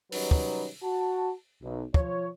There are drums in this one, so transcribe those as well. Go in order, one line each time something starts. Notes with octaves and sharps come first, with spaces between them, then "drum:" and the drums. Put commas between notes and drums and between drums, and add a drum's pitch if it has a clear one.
D#3 F#3 G3 C#4 D#4 B4, drum: open hi-hat
drum: kick
F#4 A5
B1
F3 C#5, drum: kick